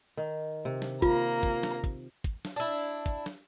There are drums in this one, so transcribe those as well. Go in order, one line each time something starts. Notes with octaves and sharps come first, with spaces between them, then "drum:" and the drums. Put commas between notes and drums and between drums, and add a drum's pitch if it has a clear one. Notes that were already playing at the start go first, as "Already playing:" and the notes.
D#3
C3
drum: snare
A#3 F4 A#5, drum: kick, hi-hat
drum: kick, hi-hat
drum: snare
drum: kick, hi-hat
drum: kick, hi-hat
drum: snare
D4 E4
drum: kick, hi-hat
drum: snare